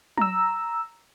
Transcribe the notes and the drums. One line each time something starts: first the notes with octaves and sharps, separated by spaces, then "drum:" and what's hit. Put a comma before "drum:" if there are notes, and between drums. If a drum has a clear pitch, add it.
A#5 E6, drum: tom F#3